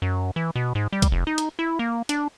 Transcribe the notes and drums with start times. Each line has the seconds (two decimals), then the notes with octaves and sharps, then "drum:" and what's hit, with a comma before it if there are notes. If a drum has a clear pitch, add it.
0.02 F#2
0.36 E3
0.56 B2
0.75 G#2
0.93 G3
1.02 drum: kick C2, hi-hat
1.12 F1
1.27 D#4
1.38 drum: hi-hat
1.59 E4
1.79 A#3
2.09 D4, drum: hi-hat